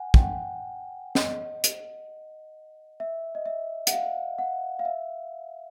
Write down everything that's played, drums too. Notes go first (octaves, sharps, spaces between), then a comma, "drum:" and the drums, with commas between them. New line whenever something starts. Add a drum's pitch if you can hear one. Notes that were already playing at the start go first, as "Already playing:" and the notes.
Already playing: F#5 G#5
G5, drum: kick
F#5
D#5, drum: snare
drum: hi-hat
E5
D#5
E5
F#5, drum: hi-hat
F5
F#5
F5
E5